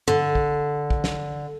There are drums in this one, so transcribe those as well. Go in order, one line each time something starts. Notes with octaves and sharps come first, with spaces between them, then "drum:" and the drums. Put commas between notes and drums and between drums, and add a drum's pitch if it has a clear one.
D3, drum: tom G2
drum: kick
drum: kick
drum: snare